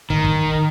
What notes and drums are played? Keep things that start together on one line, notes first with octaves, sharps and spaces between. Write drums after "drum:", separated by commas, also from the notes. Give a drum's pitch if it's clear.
D#3, drum: kick
drum: kick